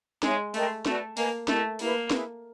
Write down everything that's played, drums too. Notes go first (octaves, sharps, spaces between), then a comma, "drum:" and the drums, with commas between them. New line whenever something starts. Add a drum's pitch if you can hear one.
G#3 D#4 G#4 C#5 E5, drum: snare
A3 A#4 D#5 G5 C6, drum: open hi-hat
A3 F#4 B4 D5, drum: snare
A#3 B4 D#5 G#5, drum: open hi-hat
A3 E4 G4 A#4 D#5, drum: snare
A#3 E4 G4 B4, drum: open hi-hat
E4 G#4 B4, drum: snare